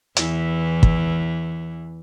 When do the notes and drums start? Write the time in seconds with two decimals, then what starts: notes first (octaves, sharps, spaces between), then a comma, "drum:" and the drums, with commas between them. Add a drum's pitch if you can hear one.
0.17 E2 E3, drum: hi-hat
0.83 drum: kick